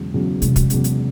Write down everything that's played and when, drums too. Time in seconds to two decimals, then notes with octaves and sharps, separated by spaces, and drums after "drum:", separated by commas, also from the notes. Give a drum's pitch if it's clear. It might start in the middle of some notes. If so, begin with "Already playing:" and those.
Already playing: E1 E2 C#3 F#3
0.14 E2 C#3 F#3
0.42 E1 C3, drum: hi-hat
0.56 drum: kick, hi-hat
0.70 E2 C#3 F#3, drum: hi-hat
0.84 drum: hi-hat